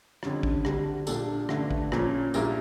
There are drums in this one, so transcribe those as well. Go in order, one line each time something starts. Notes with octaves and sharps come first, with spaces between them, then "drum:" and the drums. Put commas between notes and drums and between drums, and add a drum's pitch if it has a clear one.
F2 D3 G3 C#4, drum: rim click
drum: kick
D2 D3 G3 D4 G4, drum: rim click
A#1 A#2 G3 D4 A4, drum: tambourine
G1 G2 D3 A3 D4, drum: rim click
drum: kick
A#2 F3 A#3 C#4, drum: rim click
A#1 A#2 G3 A#3 E4, drum: tambourine